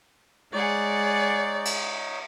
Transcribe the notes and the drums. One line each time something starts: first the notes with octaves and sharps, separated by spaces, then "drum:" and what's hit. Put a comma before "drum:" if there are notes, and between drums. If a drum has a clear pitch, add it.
G#3 D#4 G#4 C#5 D5 F#5
drum: cymbal